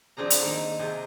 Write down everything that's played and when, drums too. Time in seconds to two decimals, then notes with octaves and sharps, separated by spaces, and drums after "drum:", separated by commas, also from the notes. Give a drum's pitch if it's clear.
0.17 F3 C4 D4 G#4 A#5
0.30 drum: hi-hat
0.42 D#3 A#3
0.79 C3 C4 F4 G#4 A5